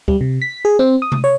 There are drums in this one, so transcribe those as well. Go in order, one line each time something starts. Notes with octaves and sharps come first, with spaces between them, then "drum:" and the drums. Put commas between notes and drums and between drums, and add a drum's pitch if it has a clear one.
G3, drum: kick
C3
B6
G#4
C4
D#6
drum: tom C3
C#5